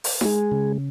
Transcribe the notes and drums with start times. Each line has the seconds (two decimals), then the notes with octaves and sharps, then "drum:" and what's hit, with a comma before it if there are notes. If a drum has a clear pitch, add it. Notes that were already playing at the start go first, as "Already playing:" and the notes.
0.04 drum: open hi-hat
0.21 F#4, drum: snare D#4
0.25 G#3 G#4
0.52 C#3